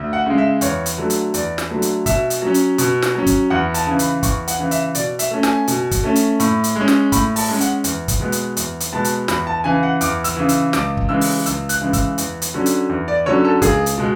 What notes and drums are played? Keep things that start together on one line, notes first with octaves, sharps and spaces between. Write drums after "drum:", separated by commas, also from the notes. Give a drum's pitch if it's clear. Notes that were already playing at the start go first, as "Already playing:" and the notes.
Already playing: D2
F#5
C#3 G#3
E5
E2 C#5, drum: hi-hat
drum: hi-hat
D3 F#3 A3
drum: hi-hat
E2 D5, drum: hi-hat
drum: snare
D3 F#3 A3
drum: hi-hat
B2 E5, drum: kick, hi-hat
drum: hi-hat
F#3 C#4
drum: hi-hat
B2, drum: hi-hat
drum: snare
F#3 C#4
drum: kick, hi-hat
E2 F#5
A5, drum: hi-hat
C#3 E3
B5, drum: hi-hat
E2 C#6, drum: kick, hi-hat
F#5, drum: hi-hat
C#3 E3
E5, drum: hi-hat
B2 D5, drum: hi-hat
E5, drum: hi-hat
A3 C#4
G#5, drum: snare
B2, drum: hi-hat
drum: kick, hi-hat
A3 C#4
drum: hi-hat
A2, drum: hi-hat
drum: hi-hat
G#3 C#4
drum: snare
A2 B5, drum: kick, hi-hat
A5, drum: open hi-hat
G#3 C#4
F#5, drum: hi-hat
E2, drum: hi-hat
drum: kick, hi-hat
B2 G#3 B3
drum: hi-hat
E2, drum: hi-hat
drum: hi-hat
B2 G#3 B3 A5
drum: hi-hat
E2 B5, drum: snare
A5
C#3 E3 G#5
F#5
E2 D6, drum: hi-hat
E6, drum: hi-hat
C#3 E3
E6, drum: hi-hat
C#2 D6, drum: snare
drum: kick
C#3 E3 G#3 E6
drum: open hi-hat
C#2 E6, drum: hi-hat
F#6, drum: hi-hat
C#3 E3 G#3
E6, drum: kick, hi-hat
E2, drum: hi-hat
drum: hi-hat
D3 F#3 C#4
drum: hi-hat
E2
D5
D3 F#3 C#4 C#5
A4
C#2 G#4, drum: kick, hi-hat
drum: hi-hat
B2 G#3